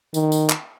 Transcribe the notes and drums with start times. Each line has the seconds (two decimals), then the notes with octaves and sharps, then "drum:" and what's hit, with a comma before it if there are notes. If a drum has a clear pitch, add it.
0.14 D#3, drum: tambourine
0.32 drum: tambourine
0.50 drum: clap